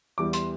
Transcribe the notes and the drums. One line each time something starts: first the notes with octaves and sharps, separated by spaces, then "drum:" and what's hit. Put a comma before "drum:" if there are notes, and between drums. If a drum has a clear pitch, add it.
E2 E3 G3 D6
C6, drum: hi-hat